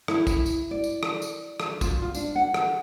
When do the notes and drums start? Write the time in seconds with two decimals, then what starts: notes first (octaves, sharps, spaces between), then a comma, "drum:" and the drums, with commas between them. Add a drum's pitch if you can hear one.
0.08 E4, drum: rim click
0.27 drum: kick, tambourine
0.46 drum: tambourine
0.71 D5
0.84 drum: tambourine
1.03 drum: rim click
1.22 drum: tambourine
1.60 drum: rim click
1.81 F4, drum: kick, tambourine
2.02 F4
2.14 D4, drum: tambourine
2.35 F#5
2.54 drum: rim click